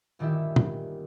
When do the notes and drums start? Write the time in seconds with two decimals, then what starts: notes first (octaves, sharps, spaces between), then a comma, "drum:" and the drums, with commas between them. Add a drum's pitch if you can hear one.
0.19 G1 A#2 D#3 E4 G4 E5
0.56 drum: tom